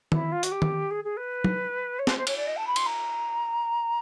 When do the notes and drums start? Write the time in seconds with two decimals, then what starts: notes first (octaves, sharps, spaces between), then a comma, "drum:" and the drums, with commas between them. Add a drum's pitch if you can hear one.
0.12 E4, drum: tom D#3
0.32 F4
0.43 F#4, drum: hi-hat
0.51 G4
0.62 drum: tom D#3
0.90 G#4
1.04 G#4
1.17 B4
1.44 drum: tom
1.99 C#5
2.07 C5, drum: snare
2.17 C5
2.27 C#5, drum: cymbal
2.36 D5
2.47 D#5
2.56 A5
2.67 B5
2.76 C6, drum: cymbal
2.86 A#5